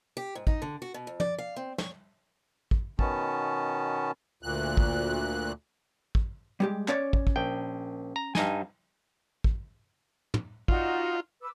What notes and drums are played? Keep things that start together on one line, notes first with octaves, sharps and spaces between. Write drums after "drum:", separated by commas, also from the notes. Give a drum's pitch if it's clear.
G4
G#2
D#4, drum: kick
D3
F#4
B2
F2
D5, drum: tom
F5
C4
C#5, drum: snare
drum: kick
B2 D#3 B3 C#4 A5, drum: kick
D2 A#2 F#6
drum: kick
drum: kick
G3 G#3 G4
C#4 C#5 D5, drum: clap
drum: kick
drum: kick
A#1 G5
A#5
G2 D#4 G#5, drum: snare
drum: kick
drum: tom
D#4 F4 F#4 D5, drum: kick
B4 D6 E6